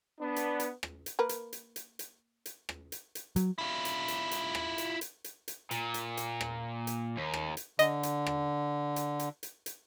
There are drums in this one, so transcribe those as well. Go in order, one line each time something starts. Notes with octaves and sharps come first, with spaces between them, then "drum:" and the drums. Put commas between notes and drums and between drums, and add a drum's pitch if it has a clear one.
B3 D4
drum: hi-hat
drum: hi-hat
drum: rim click
drum: hi-hat
A#3 A#4 B4
drum: hi-hat
drum: hi-hat
drum: hi-hat
drum: hi-hat
drum: hi-hat
drum: rim click
drum: hi-hat
drum: hi-hat
F#3, drum: hi-hat
E4 F4
drum: hi-hat
drum: hi-hat
drum: hi-hat
drum: rim click
drum: hi-hat
drum: hi-hat
drum: hi-hat
drum: hi-hat
A#2, drum: hi-hat
drum: hi-hat
drum: hi-hat
drum: rim click
drum: hi-hat
D#2
drum: rim click
drum: hi-hat
D3 D#5, drum: hi-hat
drum: hi-hat
drum: rim click
drum: hi-hat
drum: hi-hat
drum: hi-hat
drum: hi-hat